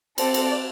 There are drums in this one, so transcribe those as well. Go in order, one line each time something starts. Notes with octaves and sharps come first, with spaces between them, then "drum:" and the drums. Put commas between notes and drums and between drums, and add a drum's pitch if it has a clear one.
C4 A4 D5, drum: cymbal
drum: cymbal